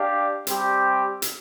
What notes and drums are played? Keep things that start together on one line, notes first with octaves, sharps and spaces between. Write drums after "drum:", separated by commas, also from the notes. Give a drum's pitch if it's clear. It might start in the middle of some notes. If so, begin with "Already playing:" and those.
Already playing: D4 G4 D5 F5
G3 C4 G4, drum: hi-hat
drum: hi-hat